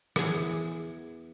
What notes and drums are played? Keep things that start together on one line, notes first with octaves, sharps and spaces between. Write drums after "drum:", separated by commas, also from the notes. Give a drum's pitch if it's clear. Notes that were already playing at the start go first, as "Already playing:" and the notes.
E2 G#4, drum: rim click